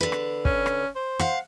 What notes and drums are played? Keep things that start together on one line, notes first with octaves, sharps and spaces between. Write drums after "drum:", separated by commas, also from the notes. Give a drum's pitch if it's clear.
D3 B4
drum: rim click
C#4, drum: kick
drum: rim click
C5
F5 F#5, drum: rim click